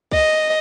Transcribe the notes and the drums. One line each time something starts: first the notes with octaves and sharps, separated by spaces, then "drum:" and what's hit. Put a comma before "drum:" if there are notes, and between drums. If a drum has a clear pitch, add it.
D#5, drum: kick C#2